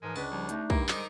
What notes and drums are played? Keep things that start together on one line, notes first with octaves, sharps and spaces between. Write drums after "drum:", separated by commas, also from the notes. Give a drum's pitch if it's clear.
G#2 E3 F3 G#3 A#4
C#2 D4 B4 A5
D#2 F3 G3
A3 D#4, drum: hi-hat
G2 D#3 A#3 E4, drum: kick
D#3 G3 G#3 D#4 A4 A#4 C5 D6, drum: clap